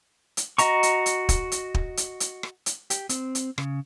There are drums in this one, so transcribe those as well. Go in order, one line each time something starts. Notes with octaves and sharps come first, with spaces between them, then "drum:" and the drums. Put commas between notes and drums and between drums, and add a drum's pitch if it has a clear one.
drum: hi-hat
F#4 D#5 A#5 C#6, drum: hi-hat
drum: hi-hat
drum: hi-hat
drum: kick, hi-hat
drum: hi-hat
drum: kick
drum: hi-hat
drum: hi-hat
drum: rim click
drum: hi-hat
G4, drum: hi-hat
C4, drum: hi-hat
drum: hi-hat
C#3, drum: rim click